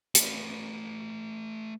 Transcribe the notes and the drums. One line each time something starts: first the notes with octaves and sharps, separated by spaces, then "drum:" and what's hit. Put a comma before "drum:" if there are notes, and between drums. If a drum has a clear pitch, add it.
A3 B4, drum: hi-hat